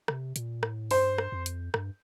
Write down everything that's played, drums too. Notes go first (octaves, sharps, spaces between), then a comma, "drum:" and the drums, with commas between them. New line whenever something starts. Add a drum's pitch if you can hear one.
C3, drum: rim click
A#2, drum: hi-hat
A2, drum: rim click
G2 C5, drum: open hi-hat
drum: rim click
F2
drum: hi-hat
G2, drum: rim click